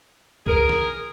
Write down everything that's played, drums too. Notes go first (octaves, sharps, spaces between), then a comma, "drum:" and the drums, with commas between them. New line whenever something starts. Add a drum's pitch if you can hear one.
G#4 A#4, drum: kick C#2
drum: snare